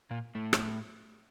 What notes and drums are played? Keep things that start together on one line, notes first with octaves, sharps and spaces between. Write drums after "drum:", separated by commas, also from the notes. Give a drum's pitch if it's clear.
A#2 A#3
A2 A3
drum: rim click